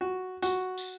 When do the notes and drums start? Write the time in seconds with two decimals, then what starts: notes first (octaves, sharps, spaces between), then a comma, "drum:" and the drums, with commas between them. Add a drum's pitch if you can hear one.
0.01 F#4
0.42 F#4, drum: tambourine
0.78 drum: tambourine